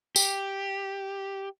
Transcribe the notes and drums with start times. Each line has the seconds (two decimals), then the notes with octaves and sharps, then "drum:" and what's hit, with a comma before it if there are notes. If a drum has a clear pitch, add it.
0.16 G4, drum: tambourine